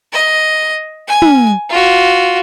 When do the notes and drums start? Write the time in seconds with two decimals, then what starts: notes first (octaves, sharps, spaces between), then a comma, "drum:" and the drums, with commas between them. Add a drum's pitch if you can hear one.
0.13 D#5
1.08 G#5
1.22 drum: tom
1.70 F4 F#4